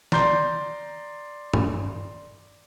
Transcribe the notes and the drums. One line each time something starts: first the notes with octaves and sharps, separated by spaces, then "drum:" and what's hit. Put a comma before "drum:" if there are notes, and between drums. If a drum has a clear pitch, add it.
D5 A#5 C6 G6, drum: snare
drum: tom G2